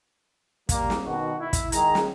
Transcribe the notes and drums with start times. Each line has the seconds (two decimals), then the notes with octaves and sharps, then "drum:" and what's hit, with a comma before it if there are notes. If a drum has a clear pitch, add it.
0.69 G3 A#3, drum: kick, hi-hat
0.90 drum: snare
1.05 B2 D#3 F#4
1.40 E4
1.53 drum: kick, hi-hat
1.72 D#3 G#3 G#4 A#5, drum: hi-hat
1.95 drum: snare